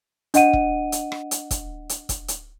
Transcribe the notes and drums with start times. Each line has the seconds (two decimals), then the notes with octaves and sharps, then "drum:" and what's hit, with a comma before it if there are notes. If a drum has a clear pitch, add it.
0.34 D4 D#5 F#5 D#7, drum: hi-hat
0.53 drum: kick E1
0.92 drum: hi-hat
1.12 drum: rim click
1.31 drum: hi-hat
1.51 drum: kick E1, hi-hat
1.89 drum: hi-hat
2.09 drum: kick E1, hi-hat
2.28 drum: hi-hat